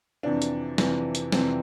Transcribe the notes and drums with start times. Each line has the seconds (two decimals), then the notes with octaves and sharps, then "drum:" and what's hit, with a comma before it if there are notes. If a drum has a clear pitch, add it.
0.23 F2 C3 E3 D4
0.42 drum: hi-hat
0.78 F2 C3 E3, drum: snare
1.15 drum: hi-hat
1.32 F2 C3 E3 C4, drum: snare